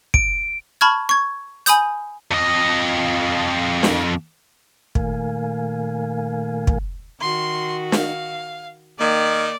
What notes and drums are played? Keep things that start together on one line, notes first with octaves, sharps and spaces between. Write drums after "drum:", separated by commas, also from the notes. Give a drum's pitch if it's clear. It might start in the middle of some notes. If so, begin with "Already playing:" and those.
D7, drum: kick
A5 B5 C#6 F6 G#6
C#6 G#6
G#5 B5 D#6 G6, drum: hi-hat
F2 D#5
drum: snare
A#2 D#3 A3 A#4 F5 G#5, drum: kick
drum: kick
D#3 F#4 C6
F5, drum: snare
D#3 A#3 D5